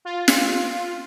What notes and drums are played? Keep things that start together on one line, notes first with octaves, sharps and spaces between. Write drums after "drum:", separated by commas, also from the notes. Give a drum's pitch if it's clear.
F4
drum: snare